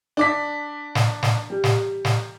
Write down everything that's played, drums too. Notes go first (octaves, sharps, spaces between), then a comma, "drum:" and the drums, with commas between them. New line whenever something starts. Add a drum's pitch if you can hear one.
D4 D6 B6
drum: snare
drum: snare
G3
drum: snare
drum: snare